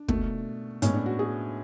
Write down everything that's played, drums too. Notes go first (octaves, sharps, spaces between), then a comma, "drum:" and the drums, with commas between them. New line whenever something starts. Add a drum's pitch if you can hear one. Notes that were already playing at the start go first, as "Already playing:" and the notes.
Already playing: D4
B2 A3, drum: kick
A2 G#3 B3 C#4, drum: hi-hat
D4
F#4
G#4